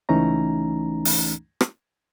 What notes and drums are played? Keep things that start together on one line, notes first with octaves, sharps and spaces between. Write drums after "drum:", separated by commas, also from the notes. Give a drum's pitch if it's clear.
C#2 E3 A3 C#4 D#4 A#5
drum: open hi-hat
drum: rim click